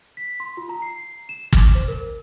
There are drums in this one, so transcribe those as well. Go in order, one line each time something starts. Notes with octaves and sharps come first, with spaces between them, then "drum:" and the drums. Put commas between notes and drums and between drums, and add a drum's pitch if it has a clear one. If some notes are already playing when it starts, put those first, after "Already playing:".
B6
C6
F4
A#5
C7
E7
D6, drum: kick
C5
A#4